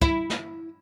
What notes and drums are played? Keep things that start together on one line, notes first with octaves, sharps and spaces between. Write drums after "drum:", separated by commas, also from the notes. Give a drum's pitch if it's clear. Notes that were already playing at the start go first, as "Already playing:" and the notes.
E4, drum: kick
drum: snare